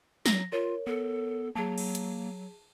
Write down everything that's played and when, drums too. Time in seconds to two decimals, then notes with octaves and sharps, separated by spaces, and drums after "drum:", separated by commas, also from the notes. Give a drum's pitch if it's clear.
0.26 F#3 A#6, drum: snare
0.52 F4 A#4 C#5
0.87 B3 A4
1.55 F#3 A#3 G#4 A5
1.78 drum: cymbal
1.95 drum: hi-hat